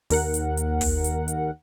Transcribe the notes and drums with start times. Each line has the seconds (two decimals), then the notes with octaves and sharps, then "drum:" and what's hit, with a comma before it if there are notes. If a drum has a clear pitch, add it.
0.10 D#2 A#4 F#5, drum: open hi-hat
0.34 drum: hi-hat
0.57 drum: hi-hat
0.81 drum: kick, open hi-hat
1.04 drum: hi-hat
1.28 drum: hi-hat